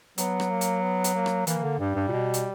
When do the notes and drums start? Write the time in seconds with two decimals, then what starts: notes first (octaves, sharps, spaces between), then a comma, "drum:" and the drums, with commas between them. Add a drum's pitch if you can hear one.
0.18 F#3 B3, drum: hi-hat
0.40 drum: rim click
0.51 A#3
0.61 drum: hi-hat
0.83 B3
1.04 drum: hi-hat
1.15 A#3
1.26 drum: rim click
1.47 E3 A#3, drum: hi-hat
1.58 E3
1.63 D3
1.79 G2 G3
1.95 G2
2.08 A#2
2.12 B2
2.34 drum: hi-hat